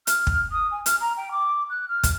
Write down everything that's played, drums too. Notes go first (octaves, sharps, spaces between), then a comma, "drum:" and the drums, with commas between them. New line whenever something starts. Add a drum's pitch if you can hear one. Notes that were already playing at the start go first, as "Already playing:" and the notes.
F6, drum: hi-hat
drum: kick
D#6
G#5
F6, drum: hi-hat
A#5
G5
D6
F#6
F6
drum: kick, hi-hat